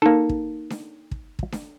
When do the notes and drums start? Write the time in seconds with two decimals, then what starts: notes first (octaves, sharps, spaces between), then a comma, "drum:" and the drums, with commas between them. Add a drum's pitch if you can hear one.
0.02 A#3 D#4 A4
0.29 drum: kick
0.70 drum: snare D4
1.11 drum: kick
1.39 drum: kick
1.52 drum: snare D4